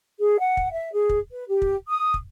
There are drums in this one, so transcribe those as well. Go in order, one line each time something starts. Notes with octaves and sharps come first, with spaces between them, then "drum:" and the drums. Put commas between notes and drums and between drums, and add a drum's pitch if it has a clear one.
G#4
F#5
drum: kick
E5
G#4
drum: kick
B4
G4
drum: kick
D#6
drum: kick